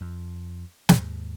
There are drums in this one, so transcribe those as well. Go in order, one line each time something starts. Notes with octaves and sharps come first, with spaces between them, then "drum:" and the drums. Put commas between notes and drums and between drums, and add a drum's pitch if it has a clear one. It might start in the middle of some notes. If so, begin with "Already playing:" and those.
F2
D#2 G#2, drum: snare